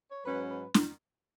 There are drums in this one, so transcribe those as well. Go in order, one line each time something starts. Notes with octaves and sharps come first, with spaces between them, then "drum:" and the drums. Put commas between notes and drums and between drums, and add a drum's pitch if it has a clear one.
C#5
G#2 F#3 C#4 B4
B4
drum: snare